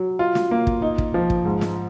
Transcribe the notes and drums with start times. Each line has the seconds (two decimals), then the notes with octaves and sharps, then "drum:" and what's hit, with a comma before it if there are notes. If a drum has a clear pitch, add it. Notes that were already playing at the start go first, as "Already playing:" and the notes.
Already playing: F#3
0.19 F4
0.35 drum: snare
0.51 A#3
0.67 drum: kick
0.82 D#4
0.98 drum: kick
1.14 F3
1.30 drum: kick
1.45 G#2
1.61 drum: snare